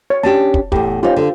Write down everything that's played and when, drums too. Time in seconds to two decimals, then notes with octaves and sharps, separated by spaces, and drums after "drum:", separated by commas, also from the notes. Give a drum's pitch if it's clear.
0.10 C#5
0.23 C#4 D4 G4 A5
0.54 drum: kick
0.72 E2 A2 G4, drum: kick
1.03 C#4 D#4 F4 G4 C5
1.16 D3